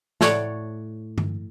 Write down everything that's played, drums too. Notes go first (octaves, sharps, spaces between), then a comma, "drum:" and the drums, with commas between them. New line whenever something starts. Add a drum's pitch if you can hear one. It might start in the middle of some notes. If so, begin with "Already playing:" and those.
A2 A4 C#5 D5 F#5, drum: snare
drum: tom G2